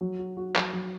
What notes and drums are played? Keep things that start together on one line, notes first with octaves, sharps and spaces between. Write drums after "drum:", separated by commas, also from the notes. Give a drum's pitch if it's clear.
F#3
F#4
F#4
F#3, drum: clap
F#3